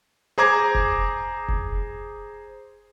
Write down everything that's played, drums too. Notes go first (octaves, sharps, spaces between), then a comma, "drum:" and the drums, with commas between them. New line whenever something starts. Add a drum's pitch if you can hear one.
G#4 C5 A#5 D6 G#6
drum: kick F1
drum: kick F1